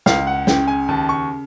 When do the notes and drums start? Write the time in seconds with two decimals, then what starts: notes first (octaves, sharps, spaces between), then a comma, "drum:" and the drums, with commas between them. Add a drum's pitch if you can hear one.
0.06 C#2 F5, drum: snare
0.27 F#5
0.47 C#3 G5, drum: snare
0.68 G#5
0.88 D#2 A5
1.09 C#6